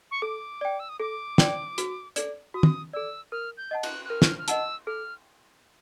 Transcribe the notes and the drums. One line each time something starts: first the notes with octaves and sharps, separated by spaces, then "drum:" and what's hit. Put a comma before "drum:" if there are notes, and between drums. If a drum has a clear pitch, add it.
C#6
A4 D6
D5 G5
E6
D#6
A4 D6
D5 G5, drum: snare
F#4, drum: hi-hat
A4 D5, drum: hi-hat
F#4 D#6
drum: tom
A4 D5 E6
A#4 F6
G6
D#5 F#5 A5
F#6, drum: cymbal
F#6
A#4 F6
drum: snare
F6
D#5 F#5 A5 E6, drum: hi-hat
A4 F6